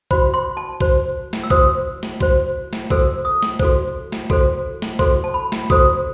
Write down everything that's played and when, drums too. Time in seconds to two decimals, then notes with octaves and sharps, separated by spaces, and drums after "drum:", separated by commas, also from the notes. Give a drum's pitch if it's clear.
0.11 F#4 C5 B5, drum: kick
0.34 C6
0.57 A5
0.80 F#4 C5, drum: kick
1.33 drum: snare
1.44 E6
1.50 F#4 C5 D#6, drum: kick
2.03 drum: snare
2.21 F#4 C5, drum: kick
2.73 drum: snare
2.90 F#4 A4 C5 E6, drum: kick
3.25 D#6
3.43 drum: snare
3.59 F#4 A4 C5, drum: kick
4.12 drum: snare
4.30 F#4 A4 C5, drum: kick
4.82 drum: snare
4.99 F#4 A4 C5 C6, drum: kick
5.24 A5
5.34 B5
5.52 drum: snare
5.70 F#4 A4 C5 D#6, drum: kick